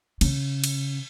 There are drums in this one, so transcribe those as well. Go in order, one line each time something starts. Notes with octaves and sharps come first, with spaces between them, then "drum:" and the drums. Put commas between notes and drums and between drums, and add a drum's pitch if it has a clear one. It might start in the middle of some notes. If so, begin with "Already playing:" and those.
C#3, drum: cymbal
drum: cymbal